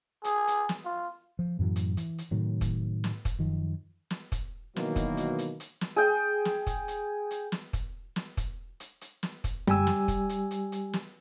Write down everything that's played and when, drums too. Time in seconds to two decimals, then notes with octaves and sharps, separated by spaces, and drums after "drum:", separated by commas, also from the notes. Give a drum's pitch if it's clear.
0.24 G#4, drum: hi-hat
0.48 drum: hi-hat
0.69 drum: snare
0.85 F4
1.39 F3
1.59 F#2 A2 E3 F#3
1.76 drum: hi-hat
1.97 E3, drum: hi-hat
2.18 drum: hi-hat
2.31 A2 C3 D#3 F#3
2.61 drum: kick, hi-hat
3.04 drum: snare
3.25 drum: kick, hi-hat
3.39 F#2 D#3 F3
4.11 drum: snare
4.32 drum: kick, hi-hat
4.76 B2 D#3 E3 F#3 A#3, drum: snare
4.96 drum: kick, hi-hat
5.17 drum: hi-hat
5.39 drum: hi-hat
5.60 drum: hi-hat
5.81 drum: snare
5.96 G#4 G5
6.45 drum: snare
6.67 drum: kick, hi-hat
6.88 drum: hi-hat
7.31 drum: hi-hat
7.52 drum: snare
7.73 drum: kick, hi-hat
8.16 drum: snare
8.37 drum: kick, hi-hat
8.80 drum: hi-hat
9.01 drum: hi-hat
9.23 drum: snare
9.44 drum: kick, hi-hat
9.67 G3 G4 G#5 E6, drum: tom F#2
9.87 drum: snare
10.08 drum: kick, hi-hat
10.29 drum: hi-hat
10.51 drum: hi-hat
10.72 drum: hi-hat
10.93 drum: snare